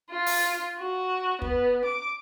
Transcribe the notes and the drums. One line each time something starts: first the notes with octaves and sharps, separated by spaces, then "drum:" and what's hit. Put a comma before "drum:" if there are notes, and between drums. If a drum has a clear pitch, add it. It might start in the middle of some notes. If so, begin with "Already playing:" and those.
F4
drum: open hi-hat
F#4
B3, drum: kick
D6